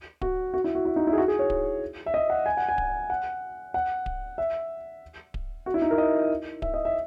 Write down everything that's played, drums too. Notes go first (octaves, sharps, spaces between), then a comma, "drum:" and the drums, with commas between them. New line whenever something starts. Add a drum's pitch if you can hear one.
F#4, drum: kick D1
F#4
E4
F#4
E4
D#4
E4
G#4
F#4
G#4
C#5
drum: kick D1
E5
D#5
F#5
G#5
F#5
G#5
drum: kick D1
F#5
F#5
drum: kick D1
E5
drum: kick D1
F#4
E4
D#4
A#4
D#5
E5, drum: kick D1
D#5
E5